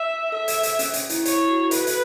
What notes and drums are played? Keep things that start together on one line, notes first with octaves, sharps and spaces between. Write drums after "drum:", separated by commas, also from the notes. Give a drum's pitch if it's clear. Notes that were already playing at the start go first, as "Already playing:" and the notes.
Already playing: E5
A4 E5
drum: hi-hat
drum: hi-hat
C#4, drum: hi-hat
C#4, drum: hi-hat
E4, drum: hi-hat
E4 C#5, drum: hi-hat
E4
F#4
F#4
A4 B4, drum: hi-hat
drum: hi-hat